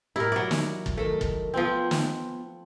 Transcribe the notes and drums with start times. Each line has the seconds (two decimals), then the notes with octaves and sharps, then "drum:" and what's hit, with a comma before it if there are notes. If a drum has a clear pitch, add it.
0.16 A2 E4 G4 A#4 A#5
0.32 F#3 D5 E5
0.51 drum: snare
0.86 drum: kick
0.97 D#3 A3 A4 A#4
1.21 drum: kick
1.54 F3 B3 C4 F4 B4
1.91 drum: snare